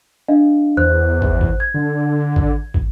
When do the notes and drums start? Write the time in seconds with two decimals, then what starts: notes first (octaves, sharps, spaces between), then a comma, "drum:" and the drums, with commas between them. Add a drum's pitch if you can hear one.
0.28 D4 D#5 F5
0.77 E2 C5 F#6
1.22 drum: kick
1.41 drum: kick
1.60 G#6
1.74 D3
2.36 drum: kick
2.74 drum: kick